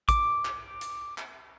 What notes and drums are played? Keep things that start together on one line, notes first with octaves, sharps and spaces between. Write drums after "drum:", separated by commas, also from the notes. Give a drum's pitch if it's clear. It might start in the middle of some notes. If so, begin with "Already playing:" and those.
D6, drum: kick A1, hi-hat
drum: clap
drum: hi-hat
drum: clap